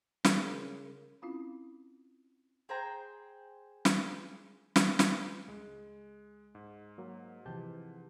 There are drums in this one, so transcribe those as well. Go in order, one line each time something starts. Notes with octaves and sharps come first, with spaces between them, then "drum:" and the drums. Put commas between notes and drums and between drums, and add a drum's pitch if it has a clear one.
C#3 A#4, drum: snare
C4 C#4 E4 F4 F5 B5
G#4 C5 G5 A#5
drum: snare
drum: snare
drum: snare
C#2 G#3
G#2
F#3 A#3
C3 E3 F3 G4 A5 G6